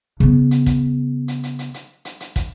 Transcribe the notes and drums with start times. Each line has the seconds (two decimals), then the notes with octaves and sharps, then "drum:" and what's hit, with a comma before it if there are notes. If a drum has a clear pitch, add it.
0.20 C#3 B3
0.51 drum: hi-hat
0.66 drum: kick, hi-hat
1.28 drum: hi-hat
1.43 drum: hi-hat
1.59 drum: hi-hat
1.74 drum: hi-hat
2.05 drum: hi-hat
2.20 drum: hi-hat
2.36 drum: kick, hi-hat